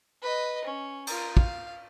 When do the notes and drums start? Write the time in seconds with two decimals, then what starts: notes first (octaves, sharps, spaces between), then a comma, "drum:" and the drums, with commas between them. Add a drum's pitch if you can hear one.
0.23 B4 D#5
0.64 C#4
1.07 F4 A#4, drum: cymbal
1.37 F5, drum: kick